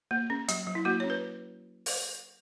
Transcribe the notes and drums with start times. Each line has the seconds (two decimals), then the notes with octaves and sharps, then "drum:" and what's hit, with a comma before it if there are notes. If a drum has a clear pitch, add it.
0.11 A#3
0.30 C#4
0.48 F#3, drum: hi-hat
0.67 F#3
0.75 E4
0.85 A#3 F#4
1.00 C#4 C#5
1.10 B4
1.86 drum: open hi-hat